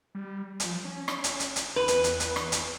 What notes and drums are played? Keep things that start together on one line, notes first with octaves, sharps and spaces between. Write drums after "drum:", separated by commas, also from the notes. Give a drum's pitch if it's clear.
G3
F3, drum: hi-hat
C#4
drum: rim click
drum: hi-hat
drum: hi-hat
drum: hi-hat
E2 B4
drum: hi-hat
drum: hi-hat
drum: hi-hat
drum: rim click
drum: hi-hat